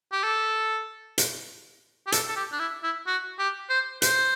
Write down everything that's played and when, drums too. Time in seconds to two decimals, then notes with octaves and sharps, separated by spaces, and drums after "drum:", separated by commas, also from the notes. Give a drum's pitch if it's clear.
0.12 G4
0.23 A4
1.18 drum: hi-hat
2.07 G4
2.12 A4, drum: hi-hat
2.28 A4
2.36 G4
2.52 D4
2.59 E4
2.83 E4
3.07 F#4
3.39 G4
3.69 C5
4.02 C5, drum: hi-hat